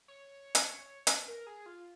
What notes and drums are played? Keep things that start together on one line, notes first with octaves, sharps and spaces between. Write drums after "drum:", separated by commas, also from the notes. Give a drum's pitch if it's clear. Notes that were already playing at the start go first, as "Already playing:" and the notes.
C#5
drum: hi-hat
B4, drum: hi-hat
A#4
G#4
F4